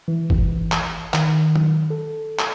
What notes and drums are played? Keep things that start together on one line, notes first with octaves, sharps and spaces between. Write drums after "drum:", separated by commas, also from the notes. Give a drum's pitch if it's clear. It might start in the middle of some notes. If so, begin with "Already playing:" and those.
E3
drum: kick
drum: clap
D#3, drum: clap
drum: tom
A4
drum: clap